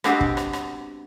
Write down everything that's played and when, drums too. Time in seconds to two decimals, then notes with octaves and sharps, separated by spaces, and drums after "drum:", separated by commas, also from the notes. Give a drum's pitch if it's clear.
0.04 G#3 B3 C4 D4 F#4 G4, drum: rim click
0.21 drum: kick
0.37 drum: rim click
0.53 drum: rim click